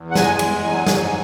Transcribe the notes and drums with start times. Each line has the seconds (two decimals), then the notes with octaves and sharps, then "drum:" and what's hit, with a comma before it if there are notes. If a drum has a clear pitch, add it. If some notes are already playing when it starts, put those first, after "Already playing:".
Already playing: E2
0.11 F#5
0.15 G#3 G#5, drum: snare
0.39 E2, drum: cymbal
0.63 F#3 G#5
0.87 G#2, drum: snare